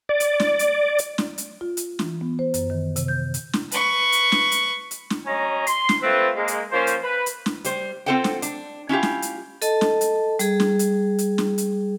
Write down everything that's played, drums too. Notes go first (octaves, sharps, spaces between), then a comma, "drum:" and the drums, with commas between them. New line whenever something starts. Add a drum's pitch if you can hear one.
D5
drum: hi-hat
drum: snare
drum: hi-hat
drum: hi-hat
drum: snare
drum: hi-hat
F4
drum: hi-hat
E3, drum: snare
B3
C5
F#2, drum: hi-hat
D#3
C3, drum: hi-hat
G6
drum: hi-hat
drum: snare
B4 C#6, drum: hi-hat
drum: hi-hat
drum: snare
drum: hi-hat
drum: hi-hat
drum: snare
F#3 C#4 D#5 G#5 A#5
C6, drum: hi-hat
drum: snare
A3 C4 F4 B4
G#3 A#3
drum: hi-hat
F3 A#3 C#4 C5
drum: hi-hat
B4
drum: hi-hat
drum: snare
G3 C5, drum: hi-hat
C4 F4 A4 C5 F#5 G5
drum: snare
D4, drum: hi-hat
C#4 E4 F4 G4
drum: snare
drum: hi-hat
A4 D#5 A5, drum: hi-hat
drum: snare
drum: hi-hat
G3 G#4, drum: hi-hat
drum: snare
drum: hi-hat
drum: hi-hat
drum: snare
drum: hi-hat